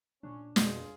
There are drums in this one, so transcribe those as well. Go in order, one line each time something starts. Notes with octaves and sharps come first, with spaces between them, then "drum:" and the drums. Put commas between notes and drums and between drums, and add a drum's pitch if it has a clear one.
A#2 C#4 D4
F2 B2 F4 G#4, drum: snare